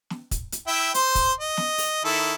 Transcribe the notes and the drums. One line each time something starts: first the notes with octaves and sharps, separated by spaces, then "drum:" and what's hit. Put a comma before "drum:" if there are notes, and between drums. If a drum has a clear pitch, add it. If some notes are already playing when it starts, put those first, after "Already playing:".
drum: snare
drum: kick, hi-hat
drum: hi-hat
E4 E5 G5
C5 C6, drum: hi-hat
drum: kick, hi-hat
D#5
drum: snare
drum: open hi-hat
D#3 E4 A4